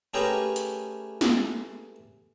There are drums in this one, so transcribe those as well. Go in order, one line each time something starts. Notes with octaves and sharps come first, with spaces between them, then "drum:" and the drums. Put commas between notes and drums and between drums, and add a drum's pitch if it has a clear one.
A3 C#4 G4 G#4 A#4 B4
drum: hi-hat
drum: snare